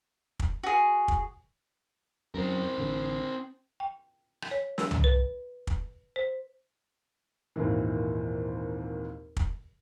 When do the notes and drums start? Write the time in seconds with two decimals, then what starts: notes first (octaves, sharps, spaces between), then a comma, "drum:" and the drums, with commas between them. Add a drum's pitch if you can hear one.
0.40 drum: kick
0.63 F#4 G#4
1.08 drum: kick
2.35 F#2 C4 A#4
2.78 A1 D3
3.80 G5
4.42 drum: rim click
4.51 C#5
4.78 E6, drum: snare
4.91 drum: tom
5.04 B4
5.67 drum: kick
6.16 C5
7.56 G#1 D#2 A#2 D#3 E3
9.37 drum: kick